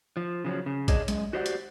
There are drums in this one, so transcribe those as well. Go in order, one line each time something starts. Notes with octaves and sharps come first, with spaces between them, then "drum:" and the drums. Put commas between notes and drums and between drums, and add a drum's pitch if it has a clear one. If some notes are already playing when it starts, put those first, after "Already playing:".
F3
C#3 F3 F#3
C#3
D4 G#4 C#5 D#5, drum: kick A#1, hi-hat
F#2 G#3, drum: hi-hat
F#4 G4 C5 D5 D#5 F#5
drum: hi-hat